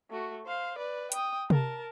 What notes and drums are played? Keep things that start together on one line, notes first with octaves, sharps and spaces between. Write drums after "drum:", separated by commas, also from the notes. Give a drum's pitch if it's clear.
A3 F#4
C5 F5
B4 D5
G5 D#6, drum: hi-hat
A#4 A5, drum: tom C3